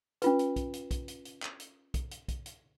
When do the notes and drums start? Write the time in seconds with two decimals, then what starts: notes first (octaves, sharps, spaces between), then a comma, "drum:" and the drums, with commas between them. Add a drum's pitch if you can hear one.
0.22 C#4 F4 B4, drum: hi-hat
0.39 drum: hi-hat
0.56 drum: kick B1, hi-hat
0.73 drum: hi-hat
0.91 drum: kick B1, hi-hat
1.08 drum: hi-hat
1.25 drum: hi-hat
1.42 drum: clap
1.60 drum: hi-hat
1.94 drum: kick B1, hi-hat
2.11 drum: hi-hat
2.28 drum: kick B1, hi-hat
2.46 drum: hi-hat